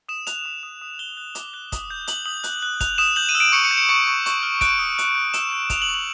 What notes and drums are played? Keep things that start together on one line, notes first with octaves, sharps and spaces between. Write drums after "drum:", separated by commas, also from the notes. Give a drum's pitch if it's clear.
D#6 E7
F#6 F7, drum: hi-hat
D#6
D#6
D#6
F#6 G7
F#6
D6, drum: hi-hat
F#6
D#6, drum: kick, hi-hat
G6
D#6 F#7, drum: hi-hat
D#6 F#7
F#6, drum: hi-hat
F#6
F#6 F7, drum: kick, hi-hat
D#6 E7
G6 F#7
D#7
E6
D7
C#6 C#7
C#7
G6
C#7
C#6 C#7
C#6
C#6, drum: hi-hat
F6
F#6 D7, drum: kick, hi-hat
D#6
F#6, drum: hi-hat
F#6
E6 E7, drum: hi-hat
G6
C#6 F7, drum: kick, hi-hat
F#7
C#6
F#7